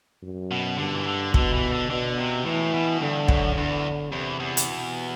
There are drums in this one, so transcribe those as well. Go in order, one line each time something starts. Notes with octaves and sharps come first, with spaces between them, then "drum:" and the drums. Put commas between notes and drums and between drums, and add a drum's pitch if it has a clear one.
F#2
B2
G2 D3
E3
D3
B2 D3, drum: kick
E3
D3
B2 D3
C3
A2 E3
B2
G2 D3
F#2, drum: kick
E2 D3
E2 C3
E2
drum: hi-hat
B2